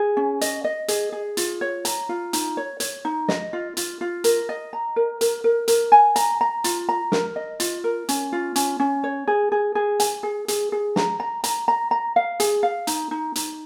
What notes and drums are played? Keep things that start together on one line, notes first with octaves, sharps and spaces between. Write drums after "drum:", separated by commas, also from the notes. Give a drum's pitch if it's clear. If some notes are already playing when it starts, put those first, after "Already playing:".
Already playing: G#4
C#4
D#5, drum: hi-hat
D#5
G#4, drum: hi-hat
G#4
F4, drum: hi-hat
C#5
A#5, drum: hi-hat
F4
D#4, drum: hi-hat
C#5
C#5, drum: hi-hat
D#4
D#5, drum: snare
F4
F4, drum: hi-hat
F4
A#4, drum: hi-hat
D#5
A#5
A#4
A#4, drum: hi-hat
A#4
A#4, drum: hi-hat
G#5
A#5, drum: hi-hat
A#5
F4, drum: hi-hat
A#5
A#4, drum: snare
D#5
F4, drum: hi-hat
A#4
C#4, drum: hi-hat
F4
C#4, drum: hi-hat
C#4
C#5
G#4
G#4
G#4
G#5, drum: hi-hat
G#4
G#4, drum: hi-hat
G#4
A#5, drum: snare
A#5
A#5, drum: hi-hat
A#5
A#5
F5
G#4, drum: hi-hat
F5
D#4, drum: hi-hat
D#4
D#4, drum: hi-hat